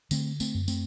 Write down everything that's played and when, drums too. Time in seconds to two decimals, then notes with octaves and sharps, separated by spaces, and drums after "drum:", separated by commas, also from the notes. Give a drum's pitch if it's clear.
0.11 D3 A3 C4, drum: tambourine
0.40 A3 C4, drum: tambourine
0.54 F#2
0.68 A3 C4, drum: tambourine